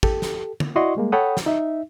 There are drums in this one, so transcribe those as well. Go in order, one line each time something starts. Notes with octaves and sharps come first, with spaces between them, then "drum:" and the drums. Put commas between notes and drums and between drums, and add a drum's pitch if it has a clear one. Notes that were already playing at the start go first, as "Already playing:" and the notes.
G4 A4, drum: kick
drum: snare
drum: tom
E4 F#4 D5 D#5 C6 C#6
G3 G#3 A#3
A4 C#5 F#5 G5 B5 D#6
drum: snare
D#4 E5